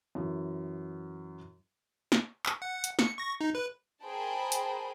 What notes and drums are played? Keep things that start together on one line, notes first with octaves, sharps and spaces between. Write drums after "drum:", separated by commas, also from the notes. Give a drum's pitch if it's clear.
F#2 E3
drum: snare
drum: clap
F#5
drum: hi-hat
C#7, drum: snare
C#6 A#6
D#4
B4
G#4 A#4 C5 G5 A5 B5
drum: hi-hat